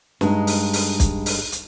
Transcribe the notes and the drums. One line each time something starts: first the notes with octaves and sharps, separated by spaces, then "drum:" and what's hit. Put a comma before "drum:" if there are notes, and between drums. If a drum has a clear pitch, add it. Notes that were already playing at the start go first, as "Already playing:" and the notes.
G2 G#3 D#4, drum: snare
drum: open hi-hat
drum: open hi-hat
drum: kick, hi-hat
drum: open hi-hat
drum: hi-hat